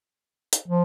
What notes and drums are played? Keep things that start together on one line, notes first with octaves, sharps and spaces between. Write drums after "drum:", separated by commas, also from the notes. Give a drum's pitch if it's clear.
drum: hi-hat
F3